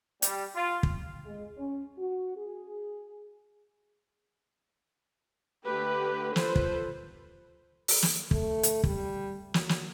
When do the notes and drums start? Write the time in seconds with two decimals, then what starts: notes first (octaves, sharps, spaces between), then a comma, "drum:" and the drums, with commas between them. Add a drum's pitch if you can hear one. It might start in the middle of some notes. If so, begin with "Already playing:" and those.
0.22 G3, drum: hi-hat
0.55 F4
0.83 drum: kick
1.26 G#3
1.57 C#4
1.98 F#4
2.37 G#4
5.65 D3 A3 G4 B4
6.36 F4 A4 B4 C5, drum: snare
6.56 drum: kick
7.88 drum: open hi-hat
8.03 drum: snare
8.31 A3, drum: kick
8.63 drum: hi-hat
8.84 G3, drum: kick
9.54 F#3, drum: snare
9.69 drum: snare